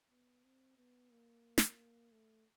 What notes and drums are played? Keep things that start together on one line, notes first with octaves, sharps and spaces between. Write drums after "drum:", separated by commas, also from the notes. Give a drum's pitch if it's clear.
B3
C4
B3
A#3
drum: snare
A3